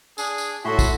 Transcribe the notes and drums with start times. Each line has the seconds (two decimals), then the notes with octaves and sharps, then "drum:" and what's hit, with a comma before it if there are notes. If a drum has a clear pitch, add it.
0.18 D4 G#4, drum: tambourine
0.38 drum: tambourine
0.65 A2 E4 F#4 A4 E5 C6 C#6
0.79 drum: kick, tambourine